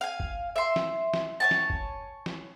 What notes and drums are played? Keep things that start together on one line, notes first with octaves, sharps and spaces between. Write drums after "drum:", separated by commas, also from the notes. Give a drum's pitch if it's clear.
F5 G#5
drum: kick
E5 C6
drum: snare
drum: snare
C#5 G#5 A5
drum: snare
drum: kick
drum: snare